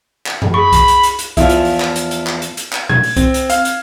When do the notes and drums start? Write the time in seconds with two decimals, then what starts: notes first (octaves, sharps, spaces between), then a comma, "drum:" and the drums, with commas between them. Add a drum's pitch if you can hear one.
0.26 drum: clap
0.42 drum: tom F#2
0.54 G#4 B5 C#6
0.73 drum: kick C2, hi-hat
0.88 drum: hi-hat
1.03 drum: hi-hat
1.19 drum: hi-hat
1.37 E2 F3 E4 F4, drum: kick C2, hi-hat
1.50 drum: hi-hat
1.65 drum: open hi-hat
1.80 drum: clap
1.96 drum: hi-hat
2.11 drum: hi-hat
2.26 drum: clap
2.42 drum: hi-hat
2.57 drum: hi-hat
2.73 drum: clap
2.89 G#6, drum: tom A#2
3.03 drum: open hi-hat
3.17 C4, drum: kick C2, hi-hat
3.34 drum: hi-hat
3.50 F5, drum: hi-hat
3.65 drum: hi-hat